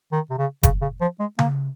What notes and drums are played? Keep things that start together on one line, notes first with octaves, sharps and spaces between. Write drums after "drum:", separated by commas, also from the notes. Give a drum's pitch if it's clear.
D#3
C3
C#3
C#3, drum: kick F#1, hi-hat
C#3
F3
G#3
A#3, drum: tom C#3